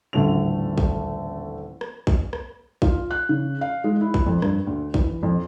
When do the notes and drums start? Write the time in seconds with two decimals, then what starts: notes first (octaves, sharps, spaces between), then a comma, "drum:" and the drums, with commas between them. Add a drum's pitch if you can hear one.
0.13 D#1 A1 D3 A3 A4 F7
0.78 drum: kick A#1
1.81 drum: rim click
2.07 drum: kick A#1
2.33 drum: rim click
2.82 F4, drum: kick A#1
3.11 F#6
3.29 C#3
3.61 F5
3.84 G#3
4.01 E4
4.14 drum: kick A#1
4.26 F2
4.42 G2, drum: rim click
4.67 D2
4.94 E3, drum: kick A#1
5.23 F2